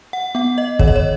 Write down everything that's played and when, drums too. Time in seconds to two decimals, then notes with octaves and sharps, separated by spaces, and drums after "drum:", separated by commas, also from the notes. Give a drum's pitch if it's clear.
0.13 F#5
0.35 B3 F#5
0.58 D#5
0.79 D#3 C#5, drum: kick
0.88 D#5
0.96 C#5